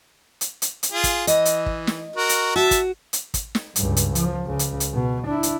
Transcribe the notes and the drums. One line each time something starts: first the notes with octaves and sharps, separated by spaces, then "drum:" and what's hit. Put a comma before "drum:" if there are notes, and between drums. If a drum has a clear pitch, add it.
drum: hi-hat
drum: hi-hat
drum: hi-hat
F4 G#4
drum: kick, hi-hat
E3 D#5, drum: hi-hat
drum: hi-hat
drum: kick
drum: snare
F#4 A#4
drum: hi-hat
F#4 E5 A5
drum: kick, hi-hat
drum: hi-hat
drum: kick, hi-hat
drum: snare
C#2 G2, drum: hi-hat
drum: hi-hat
F3, drum: hi-hat
C#2 C#3
drum: hi-hat
drum: hi-hat
B2
D4 E4
drum: hi-hat